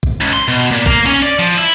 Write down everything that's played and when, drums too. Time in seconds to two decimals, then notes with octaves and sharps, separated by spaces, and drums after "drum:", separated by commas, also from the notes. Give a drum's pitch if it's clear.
0.03 drum: kick
0.21 C#2
0.33 C6
0.48 B2
0.71 A#2
0.86 A#3, drum: kick
1.06 C#4
1.22 D5
1.39 F3
1.58 E4